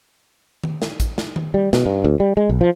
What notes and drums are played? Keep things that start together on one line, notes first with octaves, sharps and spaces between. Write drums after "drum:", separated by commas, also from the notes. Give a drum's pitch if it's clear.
drum: tom D#3
drum: snare
drum: kick, hi-hat
drum: snare
drum: tom D#3
G3
B2, drum: snare
G2
D2
G3
G#3
B1
F3